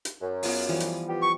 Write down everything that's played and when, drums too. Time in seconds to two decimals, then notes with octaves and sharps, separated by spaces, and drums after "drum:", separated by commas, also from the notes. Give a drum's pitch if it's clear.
0.05 drum: hi-hat
0.19 F#2
0.43 B3 F4 G#4, drum: open hi-hat
0.69 E3 F3 G3
0.80 drum: hi-hat
1.08 B3 F4 G4
1.22 C#6